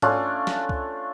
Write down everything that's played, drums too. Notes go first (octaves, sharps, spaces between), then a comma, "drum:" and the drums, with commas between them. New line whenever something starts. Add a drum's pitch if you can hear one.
A3 C#4 D4 F4, drum: tom G#2
drum: snare
drum: kick C2